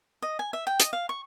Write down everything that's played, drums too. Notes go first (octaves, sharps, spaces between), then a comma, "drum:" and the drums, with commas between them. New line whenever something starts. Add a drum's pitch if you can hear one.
D#5
G#5
E5
G5
D#5, drum: hi-hat
F5
C#6